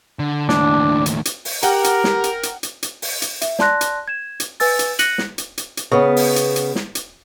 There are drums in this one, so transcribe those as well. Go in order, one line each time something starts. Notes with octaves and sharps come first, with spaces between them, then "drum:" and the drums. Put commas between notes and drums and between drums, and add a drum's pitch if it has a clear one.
D3
D#2 A2 D4, drum: snare
drum: hi-hat
drum: hi-hat
drum: open hi-hat
G4 A#4 F#5 G5 A#5, drum: hi-hat
drum: hi-hat
drum: snare
drum: hi-hat
drum: hi-hat
drum: hi-hat
drum: hi-hat
drum: open hi-hat
drum: hi-hat
E5, drum: hi-hat
D5 A5 C6 F#6 A#6, drum: snare
drum: hi-hat
G#6 E7
drum: hi-hat
B4 G#5 E6 A6, drum: open hi-hat
drum: hi-hat
F#6 A#6 C#7 D#7 F#7, drum: hi-hat
drum: snare
drum: hi-hat
drum: hi-hat
drum: hi-hat
C#3 B3
drum: open hi-hat
drum: hi-hat
drum: hi-hat
drum: snare
drum: hi-hat